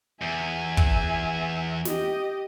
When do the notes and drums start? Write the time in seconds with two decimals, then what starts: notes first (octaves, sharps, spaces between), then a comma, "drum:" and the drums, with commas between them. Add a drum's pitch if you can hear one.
0.21 E2 E5 G#5
0.77 drum: kick
1.85 G4 D#5, drum: snare